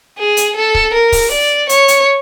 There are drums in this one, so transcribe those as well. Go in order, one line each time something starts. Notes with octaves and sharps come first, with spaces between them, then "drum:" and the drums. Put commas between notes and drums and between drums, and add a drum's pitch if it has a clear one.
G#4
drum: hi-hat
A4
drum: kick C#1
A#4
drum: kick C#1, open hi-hat
D5
C#5, drum: hi-hat
drum: hi-hat